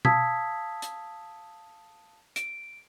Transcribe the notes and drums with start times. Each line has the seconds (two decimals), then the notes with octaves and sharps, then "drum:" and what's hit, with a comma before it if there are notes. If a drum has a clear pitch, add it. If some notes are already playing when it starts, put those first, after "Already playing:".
0.05 F5 A5 D#6 E6 G#6 B6, drum: tom
0.82 drum: hi-hat
2.36 D7, drum: hi-hat